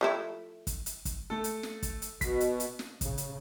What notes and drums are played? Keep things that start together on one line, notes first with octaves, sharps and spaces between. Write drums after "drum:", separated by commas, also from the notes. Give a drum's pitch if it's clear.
F3 A3 E4
drum: kick, hi-hat
drum: hi-hat
drum: kick, hi-hat
A3 A4
drum: hi-hat
drum: snare
drum: kick, hi-hat
drum: hi-hat
B2 B6, drum: kick, hi-hat
drum: hi-hat
drum: hi-hat
drum: snare
C#3, drum: kick, hi-hat
drum: hi-hat